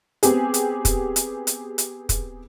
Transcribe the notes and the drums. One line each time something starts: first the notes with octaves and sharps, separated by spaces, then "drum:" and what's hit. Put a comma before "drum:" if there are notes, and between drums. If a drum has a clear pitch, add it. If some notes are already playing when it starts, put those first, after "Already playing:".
B3 C4 G4 G#4, drum: hi-hat
drum: hi-hat
drum: kick, hi-hat
drum: hi-hat
drum: hi-hat
drum: hi-hat
drum: kick, hi-hat